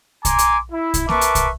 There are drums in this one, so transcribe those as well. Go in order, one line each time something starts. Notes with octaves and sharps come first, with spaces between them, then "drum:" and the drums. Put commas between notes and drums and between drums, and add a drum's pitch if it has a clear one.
G#5 A#5 C6 D6, drum: kick, hi-hat
drum: hi-hat
E4
drum: kick, hi-hat
A#4 B4 E5 A5 C#6 D6, drum: snare A#3
drum: hi-hat
drum: kick, hi-hat